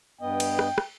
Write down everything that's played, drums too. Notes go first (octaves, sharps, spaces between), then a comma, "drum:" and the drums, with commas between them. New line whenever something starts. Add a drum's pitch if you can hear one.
G2 B3 D#5 G5
drum: cymbal
drum: rim click
drum: rim click